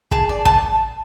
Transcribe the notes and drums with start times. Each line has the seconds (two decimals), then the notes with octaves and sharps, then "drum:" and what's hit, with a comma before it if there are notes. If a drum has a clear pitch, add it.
0.11 G#4 A5, drum: kick
0.29 D5
0.45 A5, drum: kick